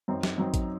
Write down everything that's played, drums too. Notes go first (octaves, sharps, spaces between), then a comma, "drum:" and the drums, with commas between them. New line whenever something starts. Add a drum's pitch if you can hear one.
F#2 F#3 C4 D#4
drum: snare
F#2 F#3 C4 D#4
drum: kick A1, hi-hat